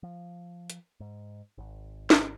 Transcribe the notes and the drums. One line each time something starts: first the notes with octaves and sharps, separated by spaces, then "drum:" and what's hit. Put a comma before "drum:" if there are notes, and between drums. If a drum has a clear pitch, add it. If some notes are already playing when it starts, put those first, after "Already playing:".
F3
drum: hi-hat
G#2
G#1
drum: snare